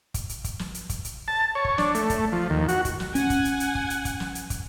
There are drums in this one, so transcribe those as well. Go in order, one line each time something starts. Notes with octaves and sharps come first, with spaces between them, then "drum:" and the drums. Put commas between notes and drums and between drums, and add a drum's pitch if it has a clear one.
drum: kick, hi-hat
drum: hi-hat
drum: kick, hi-hat
drum: snare
drum: hi-hat
drum: kick, hi-hat
drum: hi-hat
A5
C#5
drum: kick
D4, drum: snare
A3, drum: hi-hat
drum: kick, hi-hat
F3
D#2
F#4, drum: hi-hat
drum: kick, hi-hat
drum: snare
C#4 F#5 G#5, drum: hi-hat
drum: kick, hi-hat
drum: hi-hat
drum: hi-hat
drum: kick
drum: hi-hat
drum: kick, hi-hat
drum: snare
drum: hi-hat
drum: kick, hi-hat